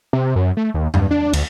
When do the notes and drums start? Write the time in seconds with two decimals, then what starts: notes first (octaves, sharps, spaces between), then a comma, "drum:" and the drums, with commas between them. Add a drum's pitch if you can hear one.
0.13 C3
0.36 F#2
0.57 A3
0.74 D#2
0.94 G2, drum: tom E2
1.11 D4
1.33 D2, drum: cymbal